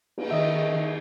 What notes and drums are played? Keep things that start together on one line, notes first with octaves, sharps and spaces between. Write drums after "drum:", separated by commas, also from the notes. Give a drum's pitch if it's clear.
drum: cymbal
D#3 D#5 E5